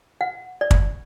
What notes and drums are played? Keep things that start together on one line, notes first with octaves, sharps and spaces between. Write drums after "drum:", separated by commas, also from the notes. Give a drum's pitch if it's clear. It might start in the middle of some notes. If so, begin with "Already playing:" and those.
F#5
D5
drum: kick